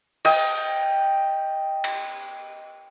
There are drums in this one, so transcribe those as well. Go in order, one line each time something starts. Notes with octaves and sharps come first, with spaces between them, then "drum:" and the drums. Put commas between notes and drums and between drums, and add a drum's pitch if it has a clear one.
D#5 G5, drum: cymbal
drum: cymbal